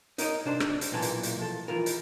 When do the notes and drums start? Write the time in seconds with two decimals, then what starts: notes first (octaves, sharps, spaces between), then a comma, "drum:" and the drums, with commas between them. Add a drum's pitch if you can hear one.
0.18 D#4 A#4 C#5 D#5, drum: hi-hat
0.45 C3 D4 C5 D5
0.60 drum: rim click
0.81 drum: hi-hat
0.92 B1 A#2 E3 A#3 A5
1.02 drum: hi-hat
1.23 drum: hi-hat
1.38 F3 A4
1.68 E3 E4 F4 A#4
1.86 drum: hi-hat